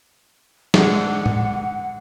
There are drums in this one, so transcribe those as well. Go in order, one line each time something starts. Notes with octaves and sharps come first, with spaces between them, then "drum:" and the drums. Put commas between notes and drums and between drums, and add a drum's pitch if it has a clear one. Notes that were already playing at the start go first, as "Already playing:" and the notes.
G#2 D3 F#5, drum: snare
drum: tom